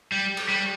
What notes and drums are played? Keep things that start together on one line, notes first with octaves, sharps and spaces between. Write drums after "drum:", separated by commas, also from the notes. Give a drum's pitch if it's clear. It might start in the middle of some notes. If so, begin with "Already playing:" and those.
G3
drum: cymbal
G3